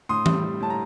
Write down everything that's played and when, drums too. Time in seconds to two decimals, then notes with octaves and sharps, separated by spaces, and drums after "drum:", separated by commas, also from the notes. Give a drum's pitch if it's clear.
0.09 A2 C6 D#6
0.26 G3, drum: tom E3
0.43 G3
0.60 A2 A5
0.70 A#5